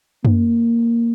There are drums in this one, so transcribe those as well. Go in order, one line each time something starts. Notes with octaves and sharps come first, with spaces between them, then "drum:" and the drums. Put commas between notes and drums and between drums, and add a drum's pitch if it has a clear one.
A#3, drum: tom F#2